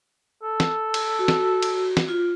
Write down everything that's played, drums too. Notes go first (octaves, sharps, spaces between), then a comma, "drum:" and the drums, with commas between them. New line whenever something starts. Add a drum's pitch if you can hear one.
A4
drum: snare
drum: cymbal
F#4
drum: snare
drum: cymbal
drum: snare
F4